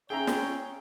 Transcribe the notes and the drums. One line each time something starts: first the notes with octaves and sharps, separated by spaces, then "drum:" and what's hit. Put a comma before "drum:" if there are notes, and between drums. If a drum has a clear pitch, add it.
C#4 G#4 C#5 E5 G5 A#5
drum: snare